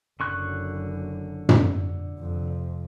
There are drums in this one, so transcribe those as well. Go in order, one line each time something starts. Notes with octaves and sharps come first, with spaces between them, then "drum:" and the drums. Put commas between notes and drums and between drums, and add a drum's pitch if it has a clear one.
F#1 F#2 D3 C#6 F#6
drum: tom
F2 C3